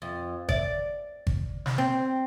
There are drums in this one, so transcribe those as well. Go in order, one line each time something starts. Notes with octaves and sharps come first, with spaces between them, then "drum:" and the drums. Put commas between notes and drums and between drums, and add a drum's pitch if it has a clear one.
F2
D5, drum: kick G#1
drum: kick G#1
drum: snare
C4